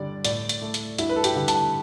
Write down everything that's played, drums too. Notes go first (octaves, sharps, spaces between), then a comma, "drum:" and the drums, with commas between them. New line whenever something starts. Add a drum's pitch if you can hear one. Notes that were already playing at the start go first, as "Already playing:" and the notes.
Already playing: G2 D3 G3 D5
A2 D5, drum: hi-hat
drum: hi-hat
A3
drum: hi-hat
G2 E4, drum: hi-hat
B4
A4
G4, drum: hi-hat
D3 G3
A5, drum: hi-hat